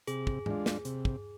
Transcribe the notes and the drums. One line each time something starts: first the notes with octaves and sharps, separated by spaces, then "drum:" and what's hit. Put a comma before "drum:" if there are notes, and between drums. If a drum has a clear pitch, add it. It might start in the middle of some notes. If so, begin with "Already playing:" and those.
C3 G#4, drum: hi-hat
drum: kick
G#3 D4 F4, drum: tom G#2
drum: snare
C3, drum: hi-hat
drum: kick